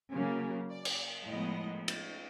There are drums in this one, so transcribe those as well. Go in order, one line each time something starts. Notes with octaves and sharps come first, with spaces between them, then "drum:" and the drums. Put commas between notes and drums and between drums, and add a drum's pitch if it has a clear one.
C#3 F#3 A#3
D5
drum: cymbal
A2 F3 G#3 B3 D#5
drum: cymbal